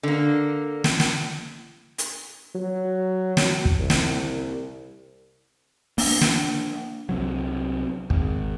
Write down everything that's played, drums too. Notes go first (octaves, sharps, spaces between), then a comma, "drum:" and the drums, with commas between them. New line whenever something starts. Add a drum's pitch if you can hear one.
D3 A#3
drum: snare
drum: snare
drum: hi-hat
F#3
drum: snare
drum: kick
C2
drum: snare
A#3 D4, drum: open hi-hat
drum: snare
C2 C3 F#3
G#1, drum: kick